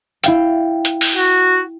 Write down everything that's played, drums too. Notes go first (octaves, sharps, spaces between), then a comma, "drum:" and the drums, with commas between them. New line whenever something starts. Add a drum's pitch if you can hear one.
E4 F5 G5, drum: hi-hat
drum: hi-hat
drum: open hi-hat
F#4